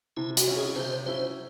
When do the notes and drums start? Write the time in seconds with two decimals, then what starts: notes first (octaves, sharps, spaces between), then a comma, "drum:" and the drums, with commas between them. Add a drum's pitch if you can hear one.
0.17 C3 E4
0.37 F#4, drum: hi-hat
0.47 F#3 C#4 E4
0.56 G#4
0.76 C3 C5
1.06 F#3 C#4 E4 C5